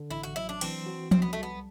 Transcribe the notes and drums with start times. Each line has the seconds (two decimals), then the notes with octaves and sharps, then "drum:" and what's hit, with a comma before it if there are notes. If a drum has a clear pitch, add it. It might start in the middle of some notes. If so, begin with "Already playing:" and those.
Already playing: D3
0.10 A1 E4
0.23 F#4
0.36 F#3 E4
0.49 D4
0.61 E3 C4, drum: cymbal
0.86 F#4
1.11 C2 C4, drum: tom F3
1.22 B3
1.33 G3 A3
1.43 B3